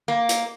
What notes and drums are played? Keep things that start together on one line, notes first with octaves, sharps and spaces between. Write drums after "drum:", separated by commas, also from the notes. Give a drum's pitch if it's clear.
A#3
drum: hi-hat